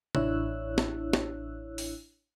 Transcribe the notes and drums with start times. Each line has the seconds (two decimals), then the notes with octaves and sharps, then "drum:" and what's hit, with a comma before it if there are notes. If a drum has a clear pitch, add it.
0.15 A1 D4 E4 C#5 E6 F#6, drum: tom
0.78 drum: snare
1.13 drum: snare
1.78 drum: open hi-hat